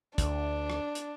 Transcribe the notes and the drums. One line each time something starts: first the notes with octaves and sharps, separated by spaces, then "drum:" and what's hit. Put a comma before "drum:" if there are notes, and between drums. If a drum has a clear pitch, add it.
D2 D4, drum: kick, hi-hat
drum: rim click
drum: hi-hat